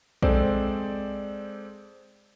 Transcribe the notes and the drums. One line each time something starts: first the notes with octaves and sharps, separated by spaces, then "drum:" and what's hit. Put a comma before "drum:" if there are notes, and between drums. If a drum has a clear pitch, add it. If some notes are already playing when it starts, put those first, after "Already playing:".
G#3 C4 A4 C5 D5, drum: kick A#1